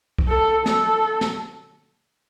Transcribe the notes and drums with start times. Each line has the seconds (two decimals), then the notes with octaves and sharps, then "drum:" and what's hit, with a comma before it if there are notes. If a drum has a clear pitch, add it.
0.19 drum: kick B1
0.28 A4
0.66 A4, drum: snare
1.21 drum: snare